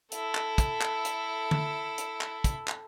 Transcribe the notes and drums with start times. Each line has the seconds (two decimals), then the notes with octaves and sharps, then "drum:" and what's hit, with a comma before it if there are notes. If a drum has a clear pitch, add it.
0.12 E4 A4, drum: hi-hat
0.35 drum: clap
0.58 drum: kick, hi-hat
0.81 drum: clap
1.05 drum: hi-hat
1.51 drum: tom
1.98 drum: hi-hat
2.21 drum: clap
2.44 drum: kick, hi-hat
2.68 drum: clap